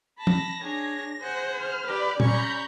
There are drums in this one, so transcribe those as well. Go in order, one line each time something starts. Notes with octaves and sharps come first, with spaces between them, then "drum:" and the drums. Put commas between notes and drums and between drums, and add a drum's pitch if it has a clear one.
A5 B5 A#6
drum: tom
D4 G#4 C#5
G#4 C5 F#5
F6
G4 B4 D5
C#4 A#5 B5 C#6 G6, drum: tom A#2